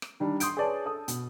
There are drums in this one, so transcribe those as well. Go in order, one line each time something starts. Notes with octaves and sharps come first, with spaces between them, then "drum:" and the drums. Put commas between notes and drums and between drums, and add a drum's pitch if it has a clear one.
drum: rim click
D#3 G3 D4
C6 D#6 G6 D7, drum: hi-hat
G#4 B4 C#5 D5 A5
A4 A5 D#6
B2, drum: hi-hat